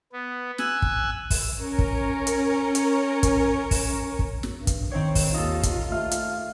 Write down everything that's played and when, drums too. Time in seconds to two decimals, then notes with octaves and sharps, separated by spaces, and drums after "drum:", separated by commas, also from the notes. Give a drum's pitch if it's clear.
0.12 B3
0.58 G#5 E6 F#6, drum: snare
0.82 drum: kick
1.30 drum: kick, open hi-hat
1.60 C#4 A#4 C#5
1.79 drum: kick
2.27 drum: hi-hat
2.75 drum: hi-hat
3.23 drum: kick, hi-hat
3.71 drum: kick, open hi-hat
4.19 drum: kick
4.43 drum: snare
4.57 G2
4.67 drum: kick, hi-hat
4.91 D#3 C4 C#5
5.15 drum: kick, open hi-hat
5.34 D#2 D#4 F4 A4
5.63 drum: kick, hi-hat
5.92 A3 F5
6.11 drum: hi-hat